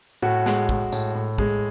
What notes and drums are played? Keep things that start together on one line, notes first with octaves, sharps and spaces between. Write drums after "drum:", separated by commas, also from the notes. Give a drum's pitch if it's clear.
A2 F#4
G#3, drum: snare
G#3, drum: kick
A2, drum: tambourine
A2
G#3, drum: kick